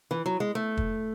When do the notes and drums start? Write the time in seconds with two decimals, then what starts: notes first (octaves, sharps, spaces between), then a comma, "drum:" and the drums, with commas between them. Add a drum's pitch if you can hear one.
0.11 E3
0.26 F#3
0.40 G#3
0.55 A3
0.77 drum: kick